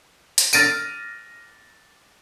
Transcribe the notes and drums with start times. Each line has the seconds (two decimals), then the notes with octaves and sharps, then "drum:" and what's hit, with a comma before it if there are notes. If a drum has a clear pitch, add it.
0.38 drum: hi-hat
0.53 F6 A6 A#6 D7 D#7, drum: tambourine